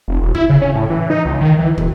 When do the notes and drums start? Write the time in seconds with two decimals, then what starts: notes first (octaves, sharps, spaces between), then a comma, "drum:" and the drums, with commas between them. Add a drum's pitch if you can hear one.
0.08 F1
0.22 E1
0.35 E4, drum: kick
0.49 C#3
0.61 C#4
0.74 A2
0.90 E3
1.10 D#4
1.25 C#2
1.41 D#3
1.58 E3
1.78 E1, drum: kick